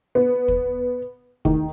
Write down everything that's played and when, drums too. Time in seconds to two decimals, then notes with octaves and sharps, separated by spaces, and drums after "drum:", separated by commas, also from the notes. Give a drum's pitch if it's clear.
0.15 B3
0.48 drum: kick
1.45 D#3, drum: kick